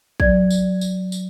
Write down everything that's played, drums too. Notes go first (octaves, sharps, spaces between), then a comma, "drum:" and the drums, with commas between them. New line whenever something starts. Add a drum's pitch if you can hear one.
F#3 D5 G#6, drum: kick
drum: tambourine
drum: tambourine
drum: tambourine